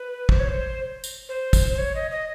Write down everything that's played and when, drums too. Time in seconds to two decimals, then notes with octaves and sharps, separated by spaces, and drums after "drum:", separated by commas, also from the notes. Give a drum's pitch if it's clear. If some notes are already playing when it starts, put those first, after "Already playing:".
Already playing: B4
0.29 C5, drum: kick
0.39 C#5
0.48 C5
1.04 drum: tambourine
1.29 C5
1.53 drum: kick, tambourine
1.73 C5
1.78 C#5
1.95 D#5
2.11 D#5